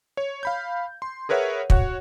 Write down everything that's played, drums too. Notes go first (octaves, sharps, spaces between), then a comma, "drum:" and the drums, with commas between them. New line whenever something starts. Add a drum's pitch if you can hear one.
C#5
F5 B5 G6
C6
G#4 A#4 B4 C#5 E5 F#5
F#4 C#5 F#5, drum: kick